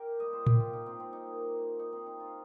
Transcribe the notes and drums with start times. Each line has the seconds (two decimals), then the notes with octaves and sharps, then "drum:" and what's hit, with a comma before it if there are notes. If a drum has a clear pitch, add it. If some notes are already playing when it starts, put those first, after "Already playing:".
Already playing: G4 A#4
0.20 A#2 G3 A#3 D#5
0.33 C5
0.47 G4, drum: tom A2
0.59 F4
0.73 D#4
0.86 C4
1.00 C4
1.13 D#4
1.26 A#2 A#3
1.79 D#4
1.93 C4
2.07 D#4
2.20 F4